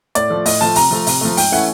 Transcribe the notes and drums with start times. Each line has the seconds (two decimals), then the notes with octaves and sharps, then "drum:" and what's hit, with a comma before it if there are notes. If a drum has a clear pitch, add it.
0.15 A2 D5, drum: hi-hat
0.30 F3 A3
0.46 A2 D#5, drum: open hi-hat
0.61 F3 A3 A5
0.75 C3 A#5, drum: open hi-hat
0.91 F3 A3
1.07 C3, drum: open hi-hat
1.21 F3 A3
1.37 G#2 G5, drum: open hi-hat
1.52 E3 A3 C#4 E4 F#5